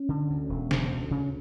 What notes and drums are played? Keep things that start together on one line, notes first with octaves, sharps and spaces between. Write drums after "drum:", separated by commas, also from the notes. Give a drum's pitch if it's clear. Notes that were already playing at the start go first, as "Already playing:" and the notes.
Already playing: C#4
D3
D2
E1
E1, drum: snare
D2
C#3